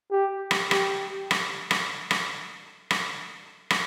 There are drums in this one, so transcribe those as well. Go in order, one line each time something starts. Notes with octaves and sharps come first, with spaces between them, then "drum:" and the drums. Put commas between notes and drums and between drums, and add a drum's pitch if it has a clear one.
G4
drum: rim click
G4, drum: rim click
drum: rim click
drum: rim click
drum: rim click
drum: rim click
drum: rim click